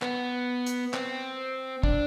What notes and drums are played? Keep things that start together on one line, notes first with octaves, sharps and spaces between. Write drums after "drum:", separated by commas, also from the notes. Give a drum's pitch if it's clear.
B3, drum: clap
drum: hi-hat
C4, drum: clap
D4, drum: kick